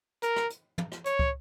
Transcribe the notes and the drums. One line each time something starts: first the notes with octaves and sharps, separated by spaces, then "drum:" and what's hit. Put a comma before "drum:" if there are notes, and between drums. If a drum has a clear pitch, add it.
A#4, drum: hi-hat
drum: rim click
drum: hi-hat
drum: tom
drum: rim click
C#5, drum: hi-hat
drum: kick